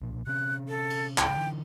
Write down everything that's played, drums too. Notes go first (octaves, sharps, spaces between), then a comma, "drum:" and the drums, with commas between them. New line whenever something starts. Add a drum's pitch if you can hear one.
B1 A#2
C3 C#4 F#6
A4
drum: cymbal
D1 C#2 G5, drum: clap
D3 E3